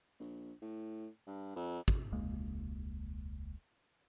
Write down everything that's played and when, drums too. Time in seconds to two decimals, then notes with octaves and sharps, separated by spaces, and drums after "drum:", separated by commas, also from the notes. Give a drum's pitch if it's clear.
0.20 A#1
0.62 A2
1.27 G2
1.56 F2
1.88 drum: kick
2.12 E1 C#2 G#3 A#3